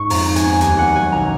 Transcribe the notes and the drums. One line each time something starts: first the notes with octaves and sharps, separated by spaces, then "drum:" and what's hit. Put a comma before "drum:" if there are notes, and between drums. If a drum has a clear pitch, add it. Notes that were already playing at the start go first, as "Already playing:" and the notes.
Already playing: G#2 C#6
F2 A#5, drum: open hi-hat
D#4
G#5, drum: hi-hat
B3
D#2 G#5, drum: hi-hat
A#3 F#5
F#3 G#5
B1 A#5